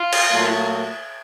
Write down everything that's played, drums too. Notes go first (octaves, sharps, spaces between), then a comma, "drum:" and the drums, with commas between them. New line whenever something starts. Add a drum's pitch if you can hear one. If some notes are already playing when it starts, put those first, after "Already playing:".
Already playing: F4
drum: cymbal
A#2 F#3 A3